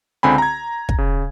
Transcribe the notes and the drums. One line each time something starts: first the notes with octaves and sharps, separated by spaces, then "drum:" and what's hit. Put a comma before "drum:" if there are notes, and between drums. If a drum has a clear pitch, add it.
C#2 D3 C4 G#5 B5
A#5 G#6
drum: kick
C#3